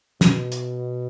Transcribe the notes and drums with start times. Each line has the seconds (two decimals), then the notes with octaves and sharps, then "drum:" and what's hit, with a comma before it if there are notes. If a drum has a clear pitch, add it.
0.21 B2, drum: snare
0.52 drum: hi-hat